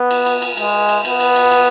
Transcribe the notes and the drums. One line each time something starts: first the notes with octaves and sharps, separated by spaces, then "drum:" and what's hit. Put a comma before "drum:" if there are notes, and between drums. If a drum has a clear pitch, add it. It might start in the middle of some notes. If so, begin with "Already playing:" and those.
Already playing: B3
drum: cymbal
drum: cymbal
drum: cymbal
G#3, drum: cymbal
drum: cymbal
B3, drum: cymbal
drum: cymbal
drum: cymbal
drum: cymbal